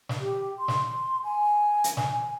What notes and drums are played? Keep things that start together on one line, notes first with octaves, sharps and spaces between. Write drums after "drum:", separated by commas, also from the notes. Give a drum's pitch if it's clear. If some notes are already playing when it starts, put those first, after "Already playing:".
drum: snare
G4
C6
drum: snare
G#5
drum: hi-hat
drum: snare